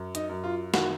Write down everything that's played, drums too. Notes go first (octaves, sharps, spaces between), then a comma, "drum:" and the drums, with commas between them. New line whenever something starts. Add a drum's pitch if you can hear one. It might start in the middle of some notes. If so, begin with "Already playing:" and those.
Already playing: F#2
D#4, drum: hi-hat
F#2
F4
D#3 F#4, drum: snare